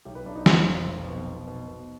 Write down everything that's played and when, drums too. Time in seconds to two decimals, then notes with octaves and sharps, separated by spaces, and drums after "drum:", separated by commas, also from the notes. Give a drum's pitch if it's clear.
0.05 B1 G4
0.15 B4
0.26 B1 D4
0.36 D#4
0.46 F1 F4, drum: snare
0.66 F2
0.86 B1
1.07 B2
1.27 B2
1.47 B2
1.68 B2